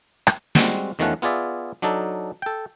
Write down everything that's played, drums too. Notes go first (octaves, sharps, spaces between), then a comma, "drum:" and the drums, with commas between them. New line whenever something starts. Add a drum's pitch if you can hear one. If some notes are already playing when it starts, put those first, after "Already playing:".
drum: rim click
G3 G#3 C4 F#4, drum: snare
E2 D#3 F3 A3 C#4 F#5
B3 F4 G#4 D5 E5
F#3 D4 D#4 A4
A4 G5